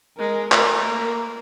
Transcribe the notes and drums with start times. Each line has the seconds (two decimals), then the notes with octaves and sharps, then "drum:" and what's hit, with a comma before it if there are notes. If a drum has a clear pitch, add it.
0.18 G#3 A#4
0.52 A3 A#4, drum: clap
0.87 A#3